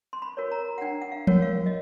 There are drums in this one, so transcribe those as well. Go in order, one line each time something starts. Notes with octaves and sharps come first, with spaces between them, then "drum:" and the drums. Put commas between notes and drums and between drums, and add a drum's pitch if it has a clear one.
C6
B5
F#4 A#4 C#5
A#5
F#5
D4 G5
F#5
F5
F#4 A#4 C#5, drum: tom F3
F5
D#5